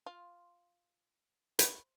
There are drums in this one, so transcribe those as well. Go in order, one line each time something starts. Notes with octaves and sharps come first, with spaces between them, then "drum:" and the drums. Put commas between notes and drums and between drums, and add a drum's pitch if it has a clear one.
F4
B4, drum: hi-hat